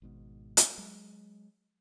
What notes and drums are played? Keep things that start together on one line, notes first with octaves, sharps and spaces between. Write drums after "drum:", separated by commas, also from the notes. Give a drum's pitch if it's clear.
G#1 G#2 B2
drum: hi-hat
F#3 G#3